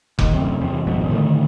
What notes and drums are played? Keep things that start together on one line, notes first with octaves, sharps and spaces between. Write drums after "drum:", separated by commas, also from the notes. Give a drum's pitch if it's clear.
D#2, drum: kick F1
F#2 C3
E2 C3
G#1 F2 G#2 B2
A2 D3 D#3 A3